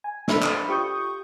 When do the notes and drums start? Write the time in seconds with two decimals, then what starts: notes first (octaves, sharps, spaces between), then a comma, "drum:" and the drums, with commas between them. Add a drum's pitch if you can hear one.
0.04 G#5
0.28 D4 A4 C5 E5 B5, drum: snare
0.43 drum: clap
0.68 F4 G4 C#6 D#6 G6